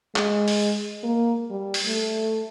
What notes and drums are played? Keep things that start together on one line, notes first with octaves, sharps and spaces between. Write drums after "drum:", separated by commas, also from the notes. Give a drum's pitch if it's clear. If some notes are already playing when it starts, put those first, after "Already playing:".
G#3, drum: clap
drum: open hi-hat
A#3
G3
drum: open hi-hat
A3